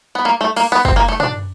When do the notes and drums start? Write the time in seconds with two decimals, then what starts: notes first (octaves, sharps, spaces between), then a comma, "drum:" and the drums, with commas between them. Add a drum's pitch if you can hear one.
0.15 B3
0.25 A#3
0.41 A3
0.56 A#3, drum: cymbal
0.72 B3
0.85 C4, drum: kick
0.96 A#3
1.08 A3
1.20 D4, drum: tom